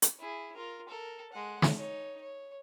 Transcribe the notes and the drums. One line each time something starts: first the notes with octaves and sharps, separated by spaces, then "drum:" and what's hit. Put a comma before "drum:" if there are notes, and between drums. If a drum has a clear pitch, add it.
drum: hi-hat
E4 G#4
F4 A#4
A4 A#4
G#3 F#5
drum: snare
D#4 C#5
C#5